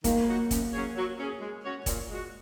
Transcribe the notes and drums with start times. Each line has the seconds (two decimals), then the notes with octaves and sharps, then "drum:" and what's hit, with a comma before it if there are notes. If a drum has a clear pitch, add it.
0.04 D#3 A#3, drum: kick, hi-hat
0.27 F#3 D#4 F#4
0.51 F#2, drum: kick, hi-hat
0.73 F#3 C#4 G#4 C#5
0.96 F#3
1.18 C#4 G#4
1.41 G#3
1.65 C#4 F#4 C#5
1.86 A#2, drum: kick, hi-hat
2.09 G#3 F#4